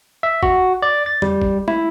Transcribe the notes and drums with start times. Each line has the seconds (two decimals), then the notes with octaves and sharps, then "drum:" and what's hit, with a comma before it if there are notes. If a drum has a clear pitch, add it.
0.23 E5
0.43 F#4, drum: kick
0.82 D5
1.06 A6
1.22 G3, drum: tom
1.42 drum: kick
1.68 E4, drum: tom